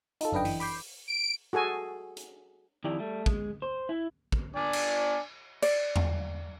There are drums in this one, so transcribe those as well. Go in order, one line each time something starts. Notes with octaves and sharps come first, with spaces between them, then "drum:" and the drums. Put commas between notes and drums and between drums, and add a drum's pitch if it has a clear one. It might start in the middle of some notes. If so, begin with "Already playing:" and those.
D#4 F4 A4, drum: hi-hat
G1 F#2 D4 B4 D#5 G5
E3, drum: open hi-hat
B5 D6 G6 C7, drum: open hi-hat
D7
F#4 G#4 A4 G#5
drum: hi-hat
F2 D#3 E4 G4 D5
G3 A3
G#3, drum: kick
C5
E4
drum: kick
D4 D5 G#5
drum: cymbal
D5, drum: cymbal
drum: tom E2